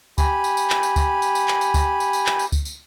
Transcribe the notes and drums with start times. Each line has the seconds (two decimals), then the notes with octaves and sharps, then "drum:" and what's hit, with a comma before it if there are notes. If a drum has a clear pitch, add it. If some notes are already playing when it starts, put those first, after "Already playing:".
0.18 G4 G#5 B5, drum: kick C#2, tambourine
0.44 drum: tambourine
0.57 drum: tambourine
0.70 drum: clap
0.83 drum: tambourine
0.96 drum: kick C#2, tambourine
1.22 drum: tambourine
1.35 drum: tambourine
1.48 drum: clap
1.61 drum: tambourine
1.74 drum: kick C#2, tambourine
2.00 drum: tambourine
2.13 drum: tambourine
2.26 drum: clap
2.39 drum: tambourine
2.52 drum: kick C#2, tambourine
2.65 drum: tambourine